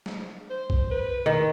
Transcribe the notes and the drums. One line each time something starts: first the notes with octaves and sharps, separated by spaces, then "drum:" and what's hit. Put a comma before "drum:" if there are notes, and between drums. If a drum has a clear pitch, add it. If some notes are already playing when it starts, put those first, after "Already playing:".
drum: snare
C5
drum: kick B1
B4
D#3